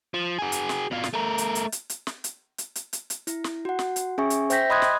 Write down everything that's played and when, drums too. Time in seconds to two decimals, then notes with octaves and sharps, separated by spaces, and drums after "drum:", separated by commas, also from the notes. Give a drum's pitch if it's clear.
0.14 F3
0.39 F#4 G#4
0.52 drum: hi-hat
0.69 drum: snare
0.91 B2 F4
1.04 drum: snare
1.14 A3 A#4
1.38 drum: hi-hat
1.55 drum: hi-hat
1.72 drum: hi-hat
1.90 drum: hi-hat
2.07 drum: snare
2.24 drum: hi-hat
2.58 drum: hi-hat
2.75 drum: hi-hat
2.93 drum: hi-hat
3.10 drum: hi-hat
3.27 E4, drum: hi-hat
3.44 drum: snare
3.65 F#4 F#5
3.79 drum: snare
3.96 drum: hi-hat
4.18 C#4 G#4 E5 G#5 C#6
4.30 drum: hi-hat
4.50 C5 E5 G5 G6 A#6 B6, drum: hi-hat
4.70 D#5 B5 C6 D#6 F#6 G#6
4.82 drum: snare